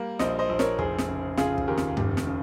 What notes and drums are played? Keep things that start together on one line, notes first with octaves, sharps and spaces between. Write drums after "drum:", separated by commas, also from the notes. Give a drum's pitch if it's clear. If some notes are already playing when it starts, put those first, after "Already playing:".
Already playing: G3 A#3
A#1 C5 D#5, drum: snare
C5 D#5
A#1
A#4 C#5, drum: snare
F1 G#4 C5, drum: kick
drum: snare
C#3
C#3 F4 G#4, drum: snare
drum: kick
D#2 G4 A#4
drum: snare
F1 G4, drum: tom G2
drum: snare
C#3